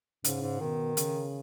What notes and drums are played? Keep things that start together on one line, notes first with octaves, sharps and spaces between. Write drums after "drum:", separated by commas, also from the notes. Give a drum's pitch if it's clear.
G#2 C#3, drum: hi-hat
G#2
B2 D#3
C#3, drum: hi-hat